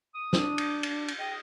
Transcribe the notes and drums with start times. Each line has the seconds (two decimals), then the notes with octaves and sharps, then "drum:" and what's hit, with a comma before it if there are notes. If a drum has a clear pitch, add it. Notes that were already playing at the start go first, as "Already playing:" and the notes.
0.14 D#6
0.33 D4, drum: snare
0.58 drum: cymbal
0.83 drum: cymbal
1.08 drum: cymbal
1.19 G#4 D#5 G5